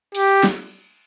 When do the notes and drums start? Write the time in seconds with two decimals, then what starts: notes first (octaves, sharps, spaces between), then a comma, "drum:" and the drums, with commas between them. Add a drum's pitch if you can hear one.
0.15 G4, drum: cymbal
0.43 drum: snare